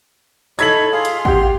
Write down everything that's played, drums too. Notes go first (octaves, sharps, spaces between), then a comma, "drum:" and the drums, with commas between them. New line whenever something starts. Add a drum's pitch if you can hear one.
D#4 E4 A4 C#5 G#6 B6 F#7, drum: tambourine
F4 G#4 F5
drum: hi-hat
G4 F#5 C6, drum: kick